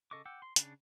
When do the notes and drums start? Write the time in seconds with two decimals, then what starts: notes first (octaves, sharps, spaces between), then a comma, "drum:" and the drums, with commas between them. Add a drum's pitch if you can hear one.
0.11 C#3 A4 D#5 C#6 D6
0.25 F#5 G5 D6 E6
0.42 C6
0.56 C#3 D4, drum: hi-hat